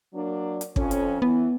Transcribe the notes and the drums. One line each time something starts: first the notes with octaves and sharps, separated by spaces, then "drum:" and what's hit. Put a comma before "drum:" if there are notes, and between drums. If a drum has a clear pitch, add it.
F#3 A#3 D4
drum: hi-hat
F2 C#4, drum: kick
drum: hi-hat
E3 B3